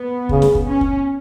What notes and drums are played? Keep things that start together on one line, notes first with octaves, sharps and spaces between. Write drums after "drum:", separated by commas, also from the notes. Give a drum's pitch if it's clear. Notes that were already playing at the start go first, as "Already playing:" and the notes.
Already playing: B3
C#3, drum: kick
drum: snare
drum: kick
C#4
drum: kick